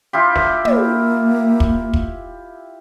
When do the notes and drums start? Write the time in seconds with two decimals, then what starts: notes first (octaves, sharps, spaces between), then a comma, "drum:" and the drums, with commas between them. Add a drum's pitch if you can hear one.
0.13 E4 F4 G4
0.36 drum: snare
0.65 A#3, drum: tom
1.60 drum: kick
1.94 drum: kick